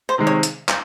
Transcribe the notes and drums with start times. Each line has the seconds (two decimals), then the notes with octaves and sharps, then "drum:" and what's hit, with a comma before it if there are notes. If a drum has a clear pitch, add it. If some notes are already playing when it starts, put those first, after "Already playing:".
0.09 C5
0.18 C3 D#3 G#3
0.27 C#5
0.43 drum: hi-hat
0.69 drum: clap